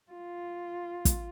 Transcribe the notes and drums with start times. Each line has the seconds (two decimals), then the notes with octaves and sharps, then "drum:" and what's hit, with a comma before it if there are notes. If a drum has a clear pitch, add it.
0.11 F4
1.05 drum: kick, hi-hat